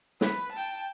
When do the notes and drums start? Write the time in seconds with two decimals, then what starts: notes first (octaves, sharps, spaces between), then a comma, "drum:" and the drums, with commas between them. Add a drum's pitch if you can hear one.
0.21 B4, drum: snare
0.53 G5 A5